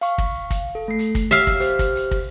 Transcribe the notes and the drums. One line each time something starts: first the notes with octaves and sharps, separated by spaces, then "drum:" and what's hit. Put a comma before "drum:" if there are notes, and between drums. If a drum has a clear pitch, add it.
F5 C#6, drum: hi-hat
drum: kick, open hi-hat
drum: kick, hi-hat
A4
A3 C7
drum: hi-hat
drum: kick, hi-hat
G4 E5 F5, drum: hi-hat
drum: kick, open hi-hat
G4 C5 F6, drum: hi-hat
drum: kick, hi-hat
drum: hi-hat
drum: kick, open hi-hat